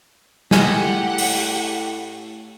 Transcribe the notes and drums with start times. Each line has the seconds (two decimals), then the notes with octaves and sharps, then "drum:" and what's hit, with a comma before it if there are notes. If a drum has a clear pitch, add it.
0.51 A2 G4 G#4 F#5, drum: snare
1.18 drum: open hi-hat